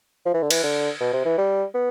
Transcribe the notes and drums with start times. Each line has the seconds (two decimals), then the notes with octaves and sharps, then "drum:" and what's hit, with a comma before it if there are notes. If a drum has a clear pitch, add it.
0.26 F3
0.34 E3
0.42 D3
0.51 E3, drum: cymbal
0.63 D3
1.00 B2
1.13 C3
1.25 E3
1.38 G3
1.74 B3